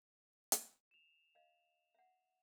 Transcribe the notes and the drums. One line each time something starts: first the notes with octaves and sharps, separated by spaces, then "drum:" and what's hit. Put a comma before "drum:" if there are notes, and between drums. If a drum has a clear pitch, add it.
drum: hi-hat
E7 F7
D#5 F5
E5 F#5